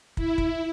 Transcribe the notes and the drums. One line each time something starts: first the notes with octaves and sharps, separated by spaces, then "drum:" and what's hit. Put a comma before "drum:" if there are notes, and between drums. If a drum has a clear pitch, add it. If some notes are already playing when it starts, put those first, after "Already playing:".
E4, drum: kick
drum: kick